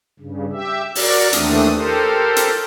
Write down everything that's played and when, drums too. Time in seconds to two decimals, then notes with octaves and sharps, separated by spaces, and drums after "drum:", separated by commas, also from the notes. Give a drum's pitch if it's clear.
0.19 G2 C#3
0.52 G4 E5
0.95 F#4 A#4 D5, drum: open hi-hat
1.33 D#2 E3 A3 C4 D4 D#6, drum: hi-hat
1.74 G4 A4 A#4 C5
2.36 drum: hi-hat